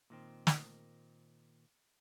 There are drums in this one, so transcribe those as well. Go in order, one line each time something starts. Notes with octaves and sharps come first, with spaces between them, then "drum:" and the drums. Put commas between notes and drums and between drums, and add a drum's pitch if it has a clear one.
A#2 D#3 C4
drum: snare